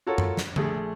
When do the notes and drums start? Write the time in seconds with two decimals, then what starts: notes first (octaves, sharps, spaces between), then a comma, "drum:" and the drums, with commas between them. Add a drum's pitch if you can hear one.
0.06 F4 F#4 A4 A#4 C#5
0.18 drum: tom F#2
0.37 drum: snare
0.56 A#1 A3 G#4, drum: tom D3